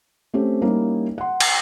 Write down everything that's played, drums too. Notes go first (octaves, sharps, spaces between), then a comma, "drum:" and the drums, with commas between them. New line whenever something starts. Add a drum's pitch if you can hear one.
A3 C4 C#4 G4
G3 A#3 C#4 D#4 E4
F#5 C6
drum: cymbal